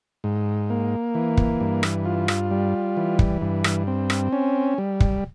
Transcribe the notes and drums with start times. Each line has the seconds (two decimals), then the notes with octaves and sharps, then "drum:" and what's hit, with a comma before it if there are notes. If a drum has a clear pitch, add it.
0.24 G#2
0.70 A#3
1.15 E3
1.37 drum: kick
1.60 G2
1.83 drum: rim click
2.05 F4
2.28 drum: rim click
2.51 G3
2.97 E3
3.19 drum: kick
3.41 G2
3.64 drum: rim click
3.87 C4
4.10 drum: rim click
4.32 C#4
4.78 G3
5.00 drum: kick